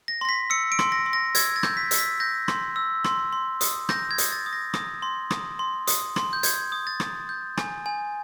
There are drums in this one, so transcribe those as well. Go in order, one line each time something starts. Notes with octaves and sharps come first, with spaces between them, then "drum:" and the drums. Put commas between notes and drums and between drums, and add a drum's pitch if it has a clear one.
A#6
C6 A#6
B6
E6 C#7
D7
C6, drum: rim click
A#6
C6
A#6
E6 G#6, drum: hi-hat
A6
G6, drum: rim click
B6
E6, drum: hi-hat
B6
G6 A#6
C6, drum: rim click
E6
C6, drum: rim click
C6
D#6, drum: hi-hat
G6 A#6, drum: rim click
G#6
D#6, drum: hi-hat
A6
D#6
A#6
D#6, drum: rim click
C6
D#6, drum: rim click
C6
D#6, drum: hi-hat
C6, drum: rim click
G6
G6 G#6, drum: hi-hat
D#6
A6
D#6, drum: rim click
G6
G#5, drum: rim click
G#5